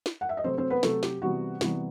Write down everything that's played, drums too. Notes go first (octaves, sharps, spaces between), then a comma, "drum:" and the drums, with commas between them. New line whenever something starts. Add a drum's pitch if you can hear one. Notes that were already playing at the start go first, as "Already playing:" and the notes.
drum: snare
F#5
E5
D#5
C3 F#3 A3 C4 C5
C4 C5
B3 B4
C3 F#3 A3 A4, drum: snare
G4, drum: snare
C3 E3 G3 B3 F#4
C3 E3 G3 B3, drum: snare